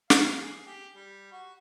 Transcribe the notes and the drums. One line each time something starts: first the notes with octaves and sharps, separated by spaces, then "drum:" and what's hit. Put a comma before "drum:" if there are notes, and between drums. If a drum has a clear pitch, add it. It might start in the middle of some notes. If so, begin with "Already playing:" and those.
F5, drum: snare
G#4
G4
G3
F#4